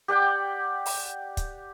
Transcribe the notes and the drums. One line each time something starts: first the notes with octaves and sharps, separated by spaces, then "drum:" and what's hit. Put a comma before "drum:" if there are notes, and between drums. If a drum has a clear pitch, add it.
G4 D5 F#5 G5
drum: open hi-hat
drum: kick, hi-hat